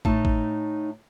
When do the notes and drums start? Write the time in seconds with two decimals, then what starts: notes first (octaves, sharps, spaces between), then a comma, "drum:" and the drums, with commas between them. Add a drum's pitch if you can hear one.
0.05 A2 A3 D#4 A5, drum: kick
0.25 drum: kick